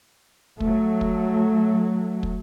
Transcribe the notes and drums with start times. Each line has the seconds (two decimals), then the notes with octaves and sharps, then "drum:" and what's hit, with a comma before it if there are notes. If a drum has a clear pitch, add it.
0.60 F#3 A3, drum: kick
1.01 drum: kick
2.23 drum: kick